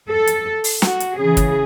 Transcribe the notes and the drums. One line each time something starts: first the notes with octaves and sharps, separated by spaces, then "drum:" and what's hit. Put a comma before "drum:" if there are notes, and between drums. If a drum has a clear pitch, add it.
A4
drum: hi-hat
drum: open hi-hat
F#4, drum: snare
drum: hi-hat
C#3 E3 G#4
drum: kick, hi-hat